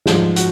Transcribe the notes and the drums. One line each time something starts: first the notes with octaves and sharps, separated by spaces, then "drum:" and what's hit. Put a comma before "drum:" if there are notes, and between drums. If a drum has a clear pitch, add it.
G#2 F3 G#3, drum: snare
F#4, drum: hi-hat